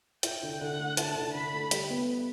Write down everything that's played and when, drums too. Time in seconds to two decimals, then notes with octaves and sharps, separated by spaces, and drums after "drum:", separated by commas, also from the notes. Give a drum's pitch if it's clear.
0.23 E4 G5, drum: hi-hat
0.43 D3
0.61 D3 F#5
0.78 A3
0.97 E4 A5, drum: hi-hat
1.16 D3
1.34 D3 B5
1.53 A3
1.71 G3, drum: hi-hat
1.90 B3